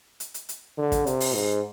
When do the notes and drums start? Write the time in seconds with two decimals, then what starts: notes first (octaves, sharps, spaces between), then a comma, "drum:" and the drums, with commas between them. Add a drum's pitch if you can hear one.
0.20 drum: hi-hat
0.34 drum: hi-hat
0.49 drum: hi-hat
0.78 D3
0.92 drum: kick, hi-hat
1.07 C3, drum: hi-hat
1.20 drum: open hi-hat
1.35 G#2